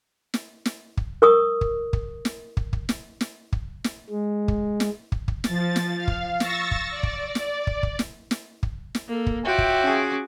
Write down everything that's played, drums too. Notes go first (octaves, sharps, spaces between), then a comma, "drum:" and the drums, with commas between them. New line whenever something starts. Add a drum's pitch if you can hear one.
drum: snare
drum: snare
drum: kick
A#4 C#6 D#6
drum: kick
drum: kick
drum: snare
drum: kick
drum: kick
drum: snare
drum: snare
drum: kick
drum: snare
G#3
drum: kick
drum: snare
drum: kick
drum: kick
F3 A6, drum: snare
drum: snare
F5
drum: kick
C#6 E6 A6 A#6, drum: snare
drum: kick
D5
drum: kick
drum: snare
drum: kick
drum: kick
drum: snare
drum: snare
drum: kick
drum: snare
A#3 A4
drum: kick
F4 F#4 C#5 E5 G5 D6
drum: kick
C#4 G#4